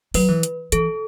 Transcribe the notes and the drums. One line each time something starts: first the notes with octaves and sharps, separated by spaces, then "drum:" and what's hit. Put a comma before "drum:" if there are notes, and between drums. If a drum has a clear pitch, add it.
F#3 B4, drum: open hi-hat
E3
drum: hi-hat
E3 A4, drum: hi-hat